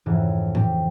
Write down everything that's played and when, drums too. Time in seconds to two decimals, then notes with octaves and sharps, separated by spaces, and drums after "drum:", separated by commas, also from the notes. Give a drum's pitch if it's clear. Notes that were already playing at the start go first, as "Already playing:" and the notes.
0.06 F2 G#2 C#3 E3
0.55 C4 G4, drum: tom A2